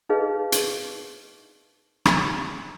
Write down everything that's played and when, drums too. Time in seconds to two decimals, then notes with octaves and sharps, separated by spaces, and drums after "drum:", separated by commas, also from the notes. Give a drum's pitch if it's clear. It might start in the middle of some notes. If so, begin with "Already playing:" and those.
0.09 D#4 G#4 B4 D#5 F5
0.52 drum: hi-hat
2.05 drum: rim click